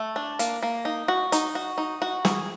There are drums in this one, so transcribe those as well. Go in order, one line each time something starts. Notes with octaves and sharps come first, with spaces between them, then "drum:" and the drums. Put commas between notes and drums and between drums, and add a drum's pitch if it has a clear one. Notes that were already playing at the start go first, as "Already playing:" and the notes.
Already playing: A3
D4
A#3, drum: hi-hat
A#3
D#4
F#4
D#4, drum: hi-hat
F#4
D#4
F#4
G#4, drum: snare